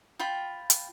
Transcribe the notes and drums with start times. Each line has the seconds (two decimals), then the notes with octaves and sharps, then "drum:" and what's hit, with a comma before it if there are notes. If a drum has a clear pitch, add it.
0.19 F4 G5 B5
0.70 drum: hi-hat